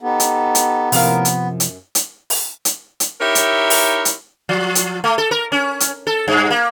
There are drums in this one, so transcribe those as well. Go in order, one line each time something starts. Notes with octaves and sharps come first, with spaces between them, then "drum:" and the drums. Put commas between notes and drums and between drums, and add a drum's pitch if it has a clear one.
B3 D#4 G4 A4
drum: hi-hat
drum: hi-hat
A2 C3 F3 A#3 A#4 F5, drum: open hi-hat
drum: hi-hat
F#2
drum: hi-hat
drum: hi-hat
drum: open hi-hat
drum: hi-hat
drum: hi-hat
D#4 E4 G4 A#4 C#5 E5
drum: hi-hat
drum: open hi-hat
drum: hi-hat
F3
drum: hi-hat
A3
A4
A#4
C#4
drum: hi-hat
A4
G2
A#3